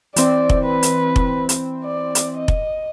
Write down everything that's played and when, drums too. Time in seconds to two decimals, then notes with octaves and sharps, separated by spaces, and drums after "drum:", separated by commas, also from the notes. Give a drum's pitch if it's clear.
0.16 E3 C4 D5, drum: hi-hat
0.49 drum: kick F1
0.65 B4
0.83 drum: hi-hat
1.16 drum: kick F1
1.49 drum: hi-hat
1.85 D5
2.15 drum: hi-hat
2.38 D#5
2.48 drum: kick F1